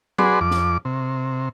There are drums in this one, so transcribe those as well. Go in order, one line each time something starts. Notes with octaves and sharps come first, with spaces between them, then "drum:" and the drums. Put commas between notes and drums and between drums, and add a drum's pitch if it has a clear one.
F#4 G#4 B4 D5 C6, drum: tom F#3
F2 D6
drum: snare
C3